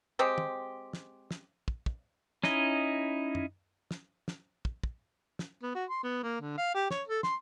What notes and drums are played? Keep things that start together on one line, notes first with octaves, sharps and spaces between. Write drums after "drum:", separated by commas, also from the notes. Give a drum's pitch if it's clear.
G#3 C4 G4
drum: tom
drum: snare
drum: snare
drum: kick
drum: kick
C#4 D#4 E4 D#5, drum: snare
drum: tom F#2
drum: snare
drum: snare
drum: kick
drum: kick
drum: snare
B3
F#4
C6
B3
A#3
D3
F5
G4
C#5, drum: snare
A4
C6, drum: snare